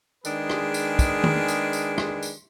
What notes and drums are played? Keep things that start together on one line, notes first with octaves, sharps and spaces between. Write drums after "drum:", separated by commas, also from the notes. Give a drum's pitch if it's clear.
D#3 G#3 D4 G#4 B4, drum: tambourine
drum: rim click
drum: tambourine
drum: kick, tambourine
drum: tom D#3
drum: tambourine
drum: tambourine
drum: rim click
drum: tambourine